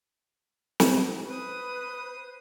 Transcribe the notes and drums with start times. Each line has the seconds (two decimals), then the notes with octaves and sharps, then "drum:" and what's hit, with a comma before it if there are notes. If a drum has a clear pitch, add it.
0.80 drum: snare
1.26 B4 C5 D#6